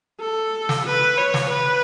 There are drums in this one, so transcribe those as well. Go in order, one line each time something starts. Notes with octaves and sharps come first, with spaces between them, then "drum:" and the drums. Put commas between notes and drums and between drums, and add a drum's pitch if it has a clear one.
A4
drum: snare
B4
C#5
drum: snare
B4